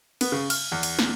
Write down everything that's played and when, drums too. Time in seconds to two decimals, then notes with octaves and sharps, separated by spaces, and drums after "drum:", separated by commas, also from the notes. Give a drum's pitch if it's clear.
0.21 B3, drum: cymbal
0.32 C#3
0.50 F6, drum: cymbal
0.72 E2
0.83 drum: cymbal
0.99 drum: snare